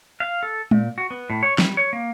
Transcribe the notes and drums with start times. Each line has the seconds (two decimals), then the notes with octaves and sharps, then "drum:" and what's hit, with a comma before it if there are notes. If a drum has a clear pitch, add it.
0.20 F5
0.43 A4
0.71 A#2, drum: tom G#3
0.98 F#4
1.11 B3
1.30 A2
1.43 C#5
1.58 G3, drum: snare
1.77 C#5
1.93 A#3